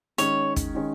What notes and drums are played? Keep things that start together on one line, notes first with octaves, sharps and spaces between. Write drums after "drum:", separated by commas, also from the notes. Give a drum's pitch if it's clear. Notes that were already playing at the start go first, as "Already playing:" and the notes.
D#3 G#3 C#4 C#5, drum: hi-hat
drum: kick, hi-hat
D#3 G#3 C#4